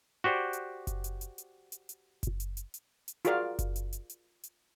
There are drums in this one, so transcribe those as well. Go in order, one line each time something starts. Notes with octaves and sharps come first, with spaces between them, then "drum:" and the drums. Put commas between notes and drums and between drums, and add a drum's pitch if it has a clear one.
F#4 G4 C5 D5 F#5
drum: hi-hat
drum: kick F#1, hi-hat
drum: hi-hat
drum: hi-hat
drum: hi-hat
drum: hi-hat
drum: hi-hat
drum: kick F#1, hi-hat
drum: hi-hat
drum: hi-hat
drum: hi-hat
drum: hi-hat
F4 F#4 G#4 A#4 D5 F5, drum: hi-hat
drum: kick F#1, hi-hat
drum: hi-hat
drum: hi-hat
drum: hi-hat
drum: hi-hat